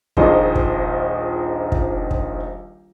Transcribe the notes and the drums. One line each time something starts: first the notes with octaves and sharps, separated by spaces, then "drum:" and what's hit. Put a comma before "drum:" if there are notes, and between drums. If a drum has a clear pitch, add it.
D#1 A#1 D#3 G#4 C5 D#5, drum: kick
drum: kick
drum: kick
drum: kick